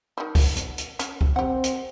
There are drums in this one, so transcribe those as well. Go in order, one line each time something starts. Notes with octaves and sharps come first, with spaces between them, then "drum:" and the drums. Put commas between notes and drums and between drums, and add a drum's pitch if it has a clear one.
D#3 G3
drum: kick, open hi-hat
drum: hi-hat
drum: hi-hat
C#4, drum: hi-hat
drum: kick
C4 G4 F#5
drum: hi-hat